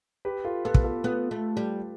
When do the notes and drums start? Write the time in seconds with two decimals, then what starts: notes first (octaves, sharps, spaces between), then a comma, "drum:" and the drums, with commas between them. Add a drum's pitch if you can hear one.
0.25 G4 B4
0.44 F4 A4
0.65 B3 F4 A4
0.74 drum: kick
0.84 F4 A4
1.04 B3 F4 A4
1.31 A3
1.57 G3